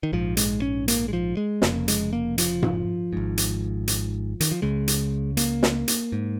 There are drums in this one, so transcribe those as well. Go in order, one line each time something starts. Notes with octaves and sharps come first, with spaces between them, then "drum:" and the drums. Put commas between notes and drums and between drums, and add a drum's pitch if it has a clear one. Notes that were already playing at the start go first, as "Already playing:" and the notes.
D#3
A#1 G#2 F3
G#3, drum: hi-hat
C#4
A#3, drum: hi-hat
G#3
F3
G#3
F1 F2 C#3 A#3, drum: snare
G#3, drum: hi-hat
A#3
F3, drum: hi-hat
drum: tom G#2
G#1 G#2
drum: hi-hat
drum: hi-hat
D#3, drum: hi-hat
F3
C#2 C#3 G#3
drum: hi-hat
A#3, drum: hi-hat
drum: snare
drum: hi-hat
G#2